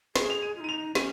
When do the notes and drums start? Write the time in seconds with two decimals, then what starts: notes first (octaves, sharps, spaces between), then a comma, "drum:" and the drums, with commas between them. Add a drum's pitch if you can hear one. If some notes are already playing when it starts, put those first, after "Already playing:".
0.16 G#4, drum: snare
0.30 F7
0.42 D#7
0.56 F4
0.60 D#4 D#7
0.69 F7
0.95 C#4 D#7, drum: snare